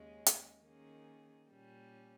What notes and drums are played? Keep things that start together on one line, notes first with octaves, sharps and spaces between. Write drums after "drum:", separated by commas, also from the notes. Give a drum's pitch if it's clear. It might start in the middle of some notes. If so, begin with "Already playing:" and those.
Already playing: D#2 C#3 G#3 C#4
drum: hi-hat
D#3 A#3 C#4 G#4
A#2 G3 C#4